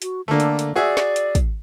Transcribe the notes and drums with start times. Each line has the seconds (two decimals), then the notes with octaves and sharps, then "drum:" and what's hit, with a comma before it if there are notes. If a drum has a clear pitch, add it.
0.02 F#4, drum: hi-hat
0.28 D3 A3 A#3
0.40 drum: hi-hat
0.59 drum: hi-hat
0.76 F#4 G#4 D5 E5
0.97 drum: snare
1.16 drum: hi-hat
1.35 drum: kick, hi-hat